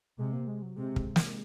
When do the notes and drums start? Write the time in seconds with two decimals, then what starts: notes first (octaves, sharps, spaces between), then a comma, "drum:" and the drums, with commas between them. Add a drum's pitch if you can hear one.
0.19 C3 G#3
0.33 A#3
0.47 G#3
0.62 F#3
0.77 C3 G#3
0.96 drum: kick
1.16 drum: snare